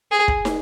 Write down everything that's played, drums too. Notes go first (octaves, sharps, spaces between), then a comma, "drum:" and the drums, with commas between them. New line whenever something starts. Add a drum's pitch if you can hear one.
G#4
drum: kick
drum: snare